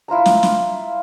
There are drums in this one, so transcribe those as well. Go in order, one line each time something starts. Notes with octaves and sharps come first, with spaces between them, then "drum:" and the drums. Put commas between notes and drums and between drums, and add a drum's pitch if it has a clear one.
E4 F4 C5 A#5
drum: snare
drum: snare